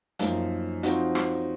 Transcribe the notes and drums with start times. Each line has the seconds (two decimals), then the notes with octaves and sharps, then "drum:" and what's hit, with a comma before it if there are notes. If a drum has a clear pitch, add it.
0.19 F#2 F3 A#3 D#4, drum: hi-hat
0.83 F3 C4 D#4 F#4, drum: hi-hat
1.15 drum: rim click